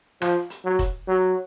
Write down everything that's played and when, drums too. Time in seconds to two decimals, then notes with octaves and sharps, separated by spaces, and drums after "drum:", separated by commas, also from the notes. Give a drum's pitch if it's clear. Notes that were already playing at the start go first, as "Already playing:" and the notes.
0.22 F3, drum: rim click
0.50 drum: hi-hat
0.65 F#3
0.79 drum: kick, hi-hat
1.08 F#3